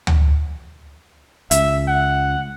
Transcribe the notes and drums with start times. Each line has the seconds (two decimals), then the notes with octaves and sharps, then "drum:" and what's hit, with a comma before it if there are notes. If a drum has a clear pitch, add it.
0.07 drum: tom D2
1.51 C#2 E5, drum: hi-hat
1.88 F#5